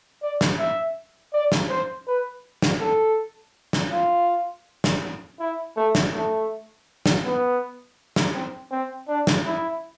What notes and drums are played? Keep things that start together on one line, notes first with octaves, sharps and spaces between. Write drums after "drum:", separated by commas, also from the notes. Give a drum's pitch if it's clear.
D5
drum: snare
E5
D5
drum: snare
C5
B4
drum: snare
A4
drum: snare
F4
drum: snare
E4
A3
drum: snare
A3
drum: snare
B3
drum: snare
C4
C4
D4
drum: snare
E4